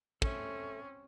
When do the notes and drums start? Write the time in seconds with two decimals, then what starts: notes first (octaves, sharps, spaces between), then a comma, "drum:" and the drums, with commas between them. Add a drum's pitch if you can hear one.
0.22 C4 C#4 A4 E5, drum: kick